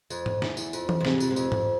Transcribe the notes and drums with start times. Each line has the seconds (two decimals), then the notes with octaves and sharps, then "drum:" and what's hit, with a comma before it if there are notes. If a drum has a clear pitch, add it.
0.10 F2, drum: tambourine
0.26 drum: tom G#2
0.42 E2, drum: snare
0.57 E2, drum: tambourine
0.73 F2, drum: tambourine
0.89 drum: tom E3
1.01 F2
1.05 G#2 C3, drum: snare
1.20 F2, drum: tambourine
1.31 G#2
1.36 F2, drum: tambourine
1.52 drum: tom G#2